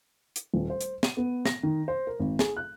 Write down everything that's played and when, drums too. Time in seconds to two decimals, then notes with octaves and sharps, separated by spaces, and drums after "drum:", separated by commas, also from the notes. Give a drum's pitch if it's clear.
0.36 drum: hi-hat
0.54 D#1
0.70 C5
0.81 drum: hi-hat
1.03 D#7, drum: snare
1.17 B3
1.46 A#6, drum: snare
1.63 D#3
1.88 C5
2.07 A#4
2.19 G#1
2.39 G#4, drum: snare
2.57 F#6